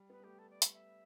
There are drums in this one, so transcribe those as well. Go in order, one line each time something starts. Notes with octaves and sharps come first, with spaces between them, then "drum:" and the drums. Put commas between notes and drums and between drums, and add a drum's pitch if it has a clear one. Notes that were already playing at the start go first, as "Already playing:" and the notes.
Already playing: G3
B3 B4
G3
A3 G4
A4
D5
E5, drum: hi-hat
E5